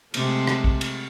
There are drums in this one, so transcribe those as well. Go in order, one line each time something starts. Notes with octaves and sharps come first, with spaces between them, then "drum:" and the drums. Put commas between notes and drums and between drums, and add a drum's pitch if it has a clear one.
C3 G#3 A3, drum: cymbal
drum: rim click
drum: kick
drum: cymbal